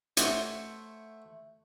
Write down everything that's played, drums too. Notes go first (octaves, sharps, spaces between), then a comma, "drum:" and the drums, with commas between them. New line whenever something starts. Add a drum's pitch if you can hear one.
A3 C5 C#5 E5 F#5, drum: hi-hat